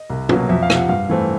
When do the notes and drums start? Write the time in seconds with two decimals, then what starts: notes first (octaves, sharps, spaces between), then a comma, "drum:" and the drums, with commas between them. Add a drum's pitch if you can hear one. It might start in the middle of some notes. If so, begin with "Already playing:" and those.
Already playing: D#5
0.10 C2
0.29 B2 F#3 A#3, drum: tom
0.49 F2 E5
0.63 F5
0.70 C3 F3, drum: rim click
0.76 F#5
0.89 G2 F5
1.09 E3 A3 C4